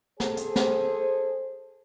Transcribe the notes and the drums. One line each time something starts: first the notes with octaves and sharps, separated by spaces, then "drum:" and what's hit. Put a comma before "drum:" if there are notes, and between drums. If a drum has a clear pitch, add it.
G#4 A4 C5, drum: snare
drum: hi-hat
drum: snare